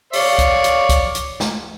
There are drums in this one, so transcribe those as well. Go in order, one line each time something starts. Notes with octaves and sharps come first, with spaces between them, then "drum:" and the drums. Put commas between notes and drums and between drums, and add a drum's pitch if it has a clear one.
C#5 D5 F5, drum: open hi-hat
drum: kick, hi-hat
drum: hi-hat
drum: kick, hi-hat
drum: hi-hat
drum: snare